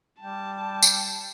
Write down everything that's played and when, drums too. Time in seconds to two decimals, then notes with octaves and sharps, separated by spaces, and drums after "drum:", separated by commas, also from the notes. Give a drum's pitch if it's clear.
0.21 G3 G5 A5
0.82 drum: tambourine